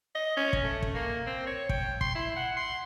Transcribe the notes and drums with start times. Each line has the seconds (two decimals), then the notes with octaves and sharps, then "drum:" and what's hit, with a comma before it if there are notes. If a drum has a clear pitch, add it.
0.15 D#5
0.37 C#4
0.53 drum: kick
0.63 A3
0.82 drum: kick
0.94 A#3
1.26 C4
1.47 C#5
1.69 G5, drum: kick
2.01 C6, drum: kick
2.15 E4
2.36 F#5
2.57 C6